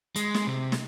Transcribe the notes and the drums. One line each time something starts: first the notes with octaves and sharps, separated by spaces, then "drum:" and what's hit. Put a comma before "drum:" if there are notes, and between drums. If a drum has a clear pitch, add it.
G#3, drum: hi-hat
drum: snare
C3
drum: snare